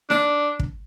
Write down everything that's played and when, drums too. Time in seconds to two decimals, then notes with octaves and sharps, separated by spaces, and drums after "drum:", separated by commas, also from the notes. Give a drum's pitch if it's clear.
0.10 D4, drum: snare D#4
0.59 drum: kick